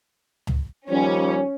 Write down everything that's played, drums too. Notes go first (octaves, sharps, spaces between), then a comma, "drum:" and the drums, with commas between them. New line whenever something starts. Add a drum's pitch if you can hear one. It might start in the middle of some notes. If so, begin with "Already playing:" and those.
drum: tom C#2
D#2 F3 G3 C#4